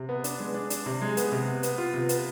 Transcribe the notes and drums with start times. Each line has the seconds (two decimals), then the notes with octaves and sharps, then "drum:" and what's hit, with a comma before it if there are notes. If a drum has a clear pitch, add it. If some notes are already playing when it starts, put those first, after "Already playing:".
Already playing: C3
0.09 B3
0.24 D4, drum: hi-hat
0.40 G#3
0.54 D4
0.70 D4, drum: hi-hat
0.86 C3
1.02 G#3
1.17 B3, drum: hi-hat
1.32 C3
1.48 B3
1.63 B3, drum: hi-hat
1.78 F4
1.94 C3
2.09 B3, drum: hi-hat